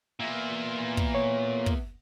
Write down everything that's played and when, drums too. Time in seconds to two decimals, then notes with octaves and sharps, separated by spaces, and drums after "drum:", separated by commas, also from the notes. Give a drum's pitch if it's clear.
0.20 A#2 A#3 B3 E5
0.97 drum: kick
1.15 C#5
1.66 drum: kick